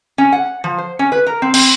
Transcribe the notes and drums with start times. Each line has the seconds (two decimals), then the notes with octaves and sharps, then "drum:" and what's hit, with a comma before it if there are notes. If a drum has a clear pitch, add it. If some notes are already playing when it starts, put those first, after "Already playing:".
0.18 C#4
0.32 F#5
0.64 F3
0.78 C5
0.99 C#4
1.12 B4
1.27 A#4
1.42 C4
1.54 C4, drum: cymbal